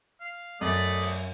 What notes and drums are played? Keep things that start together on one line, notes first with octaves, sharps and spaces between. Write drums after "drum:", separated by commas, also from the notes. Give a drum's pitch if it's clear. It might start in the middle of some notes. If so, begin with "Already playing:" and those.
F5
F#2 A3 D5 D#5
drum: open hi-hat